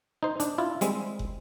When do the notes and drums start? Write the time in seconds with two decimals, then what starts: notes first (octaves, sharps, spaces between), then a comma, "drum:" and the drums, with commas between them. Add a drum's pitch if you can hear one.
0.23 D#4 C5
0.40 D4, drum: hi-hat
0.58 E4 F4
0.81 G3 G#3 C4, drum: hi-hat
1.19 drum: kick